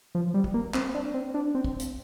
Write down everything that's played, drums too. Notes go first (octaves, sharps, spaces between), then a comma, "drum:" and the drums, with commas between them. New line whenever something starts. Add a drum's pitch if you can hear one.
F3
G3
drum: kick
A#3
C4, drum: clap
D4
C4
D4
C4
drum: kick
drum: hi-hat